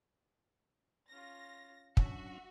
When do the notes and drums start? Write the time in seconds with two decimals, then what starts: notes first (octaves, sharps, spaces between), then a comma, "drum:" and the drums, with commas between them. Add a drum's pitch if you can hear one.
1.10 C#4 F4 A#6
1.97 F#3 C#4 D4 F#4 E5, drum: kick